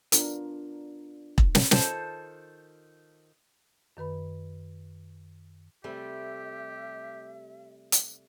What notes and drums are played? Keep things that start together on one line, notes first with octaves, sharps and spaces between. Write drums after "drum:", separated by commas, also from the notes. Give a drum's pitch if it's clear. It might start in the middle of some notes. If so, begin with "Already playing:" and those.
B3 D4 F4 A#4, drum: hi-hat
drum: kick E1
drum: snare
D#3 F4 A4 C5 A5, drum: snare
F#2 D#3 B4 B5
C3 G3 A3 G4 E5
drum: hi-hat